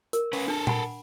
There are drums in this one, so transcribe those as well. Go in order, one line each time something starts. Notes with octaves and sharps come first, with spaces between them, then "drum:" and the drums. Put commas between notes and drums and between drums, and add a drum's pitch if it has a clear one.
A#4, drum: hi-hat
C#4 B4, drum: open hi-hat
D4 A4 A#4 A5
F#5 G#5 B5, drum: tom A#2